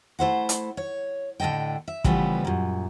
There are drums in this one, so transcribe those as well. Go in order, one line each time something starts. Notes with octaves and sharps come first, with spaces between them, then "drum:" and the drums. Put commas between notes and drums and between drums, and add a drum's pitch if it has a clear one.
A3 E4 C5 F#5
drum: hi-hat
C#5
A2 D3 A4 D#5 G5
E5
C#3 E3 F3 G3 A3 B3, drum: kick
F#2 A#2